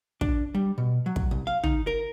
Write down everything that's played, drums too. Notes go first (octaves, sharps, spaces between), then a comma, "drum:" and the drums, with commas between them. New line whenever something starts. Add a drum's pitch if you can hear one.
D4, drum: kick
G3
B2
F#3
drum: kick
C2
F5
D#4, drum: tom
A#4